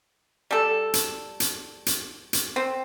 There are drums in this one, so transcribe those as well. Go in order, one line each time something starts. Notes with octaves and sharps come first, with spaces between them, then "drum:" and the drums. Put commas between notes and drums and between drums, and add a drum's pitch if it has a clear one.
G3 A4
drum: hi-hat
drum: hi-hat
drum: hi-hat
drum: hi-hat
C4